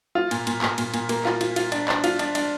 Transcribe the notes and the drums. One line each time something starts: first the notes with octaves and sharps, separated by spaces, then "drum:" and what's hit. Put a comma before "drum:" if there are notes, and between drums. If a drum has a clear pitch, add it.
F4
A#2, drum: cymbal
A#2, drum: cymbal
A#2, drum: clap
A#2, drum: cymbal
A#2, drum: cymbal
A#3, drum: cymbal
F4, drum: clap
F4, drum: cymbal
F4, drum: cymbal
D4, drum: cymbal
D4, drum: clap
F4, drum: cymbal
D4, drum: cymbal
D4, drum: cymbal